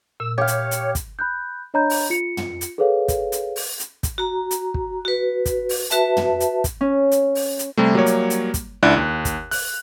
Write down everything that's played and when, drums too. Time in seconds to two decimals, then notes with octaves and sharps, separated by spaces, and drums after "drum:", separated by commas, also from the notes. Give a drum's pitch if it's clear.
0.20 A#2 E6
0.38 G4 C#5 F5
0.48 drum: hi-hat
0.71 drum: hi-hat
0.95 drum: kick, hi-hat
1.19 B5 F#6 G6
1.74 D4 C#5 D#5 A#5 B5 G6
1.90 drum: open hi-hat
2.10 F4 C#7
2.37 drum: tom
2.61 drum: hi-hat
2.78 G#4 A4 B4 C#5 F5
3.08 drum: kick, hi-hat
3.32 drum: hi-hat
3.56 drum: open hi-hat
3.79 drum: hi-hat
4.03 drum: kick, hi-hat
4.18 F#4 A#5
4.51 drum: hi-hat
4.74 drum: kick
5.05 F#4 B4
5.45 drum: kick, hi-hat
5.69 drum: open hi-hat
5.90 F#4 B4 E5 A5, drum: hi-hat
6.17 drum: tom
6.40 drum: hi-hat
6.64 drum: kick, hi-hat
6.81 C#4
7.11 drum: hi-hat
7.35 drum: open hi-hat
7.59 drum: hi-hat
7.78 C3 G3 A3
7.95 F#3 G3 A#3 C#5
8.06 drum: hi-hat
8.30 drum: hi-hat
8.54 drum: kick, hi-hat
8.83 C#2 D4 E4 D5 F#6
8.96 D#2
9.25 drum: kick, hi-hat
9.51 F#6, drum: open hi-hat